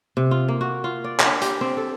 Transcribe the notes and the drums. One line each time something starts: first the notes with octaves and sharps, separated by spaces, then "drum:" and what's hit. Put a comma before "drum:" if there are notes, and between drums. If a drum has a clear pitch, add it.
C3
F4
A#3
F#4
F4
D5
D4, drum: clap
G4, drum: hi-hat
C4
A4